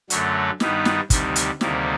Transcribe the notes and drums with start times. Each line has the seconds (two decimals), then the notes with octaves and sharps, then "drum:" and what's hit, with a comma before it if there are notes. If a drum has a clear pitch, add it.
0.10 F#2 D3 F#3 A3, drum: hi-hat
0.60 G2 D#3 G3 B3 D#4, drum: snare
0.85 drum: snare
1.10 D2 C3 D#3 G3, drum: kick, hi-hat
1.36 drum: hi-hat
1.61 D2 C3 D#3 G3 A#3, drum: snare